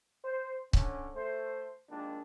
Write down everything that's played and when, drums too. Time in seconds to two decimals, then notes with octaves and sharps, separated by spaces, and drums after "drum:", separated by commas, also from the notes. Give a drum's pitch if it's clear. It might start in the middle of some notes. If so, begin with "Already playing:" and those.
0.25 C5
0.73 D3 C#4, drum: kick C#1
1.14 A3 C5
1.90 D#2 A#2 G#3 D4